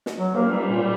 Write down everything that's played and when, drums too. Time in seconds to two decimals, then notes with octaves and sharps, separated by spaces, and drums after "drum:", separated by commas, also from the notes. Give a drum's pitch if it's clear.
0.06 drum: snare
0.18 F#3
0.35 A#3, drum: cymbal
0.50 G3
0.70 A#2
0.83 G3